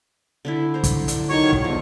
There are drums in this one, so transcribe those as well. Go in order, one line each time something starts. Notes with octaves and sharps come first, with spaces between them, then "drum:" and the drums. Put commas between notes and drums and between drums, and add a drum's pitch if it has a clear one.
D3 D4 E4
C5 A#5
drum: kick, hi-hat
D4, drum: hi-hat
D#3 F#3 C#5 C#6
drum: kick
E2 F3